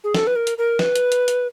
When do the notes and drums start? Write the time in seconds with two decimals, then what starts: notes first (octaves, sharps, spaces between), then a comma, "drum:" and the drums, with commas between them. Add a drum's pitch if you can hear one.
0.04 G#4
0.14 A4, drum: snare
0.27 B4
0.36 A#4
0.47 drum: hi-hat
0.58 A#4
0.79 B4, drum: snare
0.96 drum: hi-hat
1.12 drum: hi-hat
1.28 drum: hi-hat